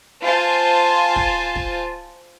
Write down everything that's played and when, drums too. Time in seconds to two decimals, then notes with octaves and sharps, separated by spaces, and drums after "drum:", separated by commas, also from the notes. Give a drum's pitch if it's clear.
0.23 F4 C5 G#5 A5
1.16 drum: kick
1.56 drum: kick